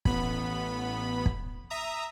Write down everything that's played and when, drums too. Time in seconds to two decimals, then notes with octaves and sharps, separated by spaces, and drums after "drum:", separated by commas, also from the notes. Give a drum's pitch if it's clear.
0.05 A1 B3 B5, drum: kick
1.26 drum: kick
1.70 E5 A#5 D#6